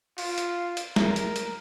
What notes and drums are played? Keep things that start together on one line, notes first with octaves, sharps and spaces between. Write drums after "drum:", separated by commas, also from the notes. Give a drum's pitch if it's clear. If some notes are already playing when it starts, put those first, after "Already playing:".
F4, drum: open hi-hat
drum: hi-hat
drum: hi-hat
A#4, drum: snare
drum: hi-hat
drum: hi-hat